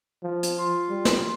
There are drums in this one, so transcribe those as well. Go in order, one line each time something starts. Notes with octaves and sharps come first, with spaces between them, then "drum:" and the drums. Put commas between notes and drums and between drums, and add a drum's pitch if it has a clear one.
F3
drum: hi-hat
F4
G3
drum: snare